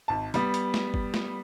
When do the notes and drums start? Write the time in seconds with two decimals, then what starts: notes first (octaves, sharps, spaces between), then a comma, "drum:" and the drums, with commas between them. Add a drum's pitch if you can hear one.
0.08 G#1 A5
0.34 G3 B3, drum: hi-hat
0.54 drum: hi-hat
0.74 drum: snare
0.94 drum: kick G1
1.14 drum: snare